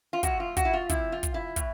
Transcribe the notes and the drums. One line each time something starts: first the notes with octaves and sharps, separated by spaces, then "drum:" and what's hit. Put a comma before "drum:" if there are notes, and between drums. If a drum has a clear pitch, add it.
F4
A2 F3 F#4, drum: kick, hi-hat
F4
F#4, drum: kick, hi-hat
E4
F4
C3 F3 E4, drum: kick, hi-hat
F4
drum: kick, hi-hat
E4
A2, drum: kick, hi-hat